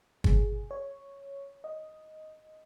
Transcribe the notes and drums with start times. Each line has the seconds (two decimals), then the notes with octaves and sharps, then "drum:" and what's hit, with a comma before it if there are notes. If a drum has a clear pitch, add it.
0.24 G#4, drum: kick
0.71 C#5
1.64 D#5